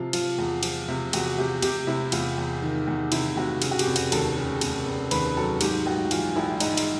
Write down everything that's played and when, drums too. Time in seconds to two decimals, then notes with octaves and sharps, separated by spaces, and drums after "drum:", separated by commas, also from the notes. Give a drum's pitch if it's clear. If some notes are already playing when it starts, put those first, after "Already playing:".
Already playing: C3 F3 F4
0.13 F3 F4, drum: cymbal
0.38 E2
0.63 F3, drum: cymbal
0.88 C3
1.13 E2 F#4, drum: cymbal
1.38 C3 G4
1.62 C3 G4, drum: cymbal
1.87 C3 E4
2.12 E2 F4, drum: cymbal
2.38 E2
2.62 D#3
2.87 E2
3.12 C3 E4, drum: cymbal
3.37 C3 F#4
3.62 C#3, drum: cymbal
3.71 F#4
3.79 G4, drum: cymbal
3.86 F1
3.96 F#4, drum: cymbal
4.12 D#2 A4, drum: cymbal
4.37 C#3
4.61 F1, drum: cymbal
4.86 F1
5.11 D#2 B4, drum: cymbal
5.36 F#3 A4
5.61 G#2 G4, drum: cymbal
5.86 A#1 F#4
6.11 E3 F4, drum: cymbal
6.36 A#1 E4
6.60 G#2 D#4, drum: cymbal
6.77 drum: cymbal